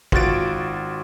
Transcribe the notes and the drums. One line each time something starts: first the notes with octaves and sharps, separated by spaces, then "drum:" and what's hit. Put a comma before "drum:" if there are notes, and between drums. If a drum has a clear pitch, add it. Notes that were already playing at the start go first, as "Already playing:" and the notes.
G#1 F4 F#4 A6 D7, drum: kick